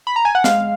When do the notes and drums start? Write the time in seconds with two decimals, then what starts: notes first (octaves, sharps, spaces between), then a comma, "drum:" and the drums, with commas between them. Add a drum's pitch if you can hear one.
0.07 B5
0.16 A#5
0.25 G#5
0.35 F#5
0.44 G#3 F5, drum: snare